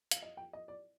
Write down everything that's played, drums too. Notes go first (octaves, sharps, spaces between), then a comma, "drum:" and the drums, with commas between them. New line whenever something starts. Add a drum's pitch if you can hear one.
F5, drum: hi-hat
D#5
G5
D#5
D5